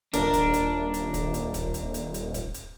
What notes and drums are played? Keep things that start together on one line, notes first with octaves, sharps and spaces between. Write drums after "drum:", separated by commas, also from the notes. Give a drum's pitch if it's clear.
D#1 D4 A#4, drum: hi-hat
drum: kick, hi-hat
drum: hi-hat
drum: hi-hat
drum: kick, hi-hat
drum: hi-hat
drum: kick, hi-hat
drum: hi-hat
drum: hi-hat
drum: hi-hat
drum: kick, hi-hat
drum: hi-hat